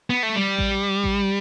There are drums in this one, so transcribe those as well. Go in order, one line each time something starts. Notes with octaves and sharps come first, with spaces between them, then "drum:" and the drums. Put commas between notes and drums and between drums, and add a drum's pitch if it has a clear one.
B3
A3
G3
drum: kick A1
drum: kick A1